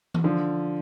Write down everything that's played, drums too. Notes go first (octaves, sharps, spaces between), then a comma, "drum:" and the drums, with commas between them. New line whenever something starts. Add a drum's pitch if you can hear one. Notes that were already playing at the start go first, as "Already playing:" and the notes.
drum: tom E3
D3 F3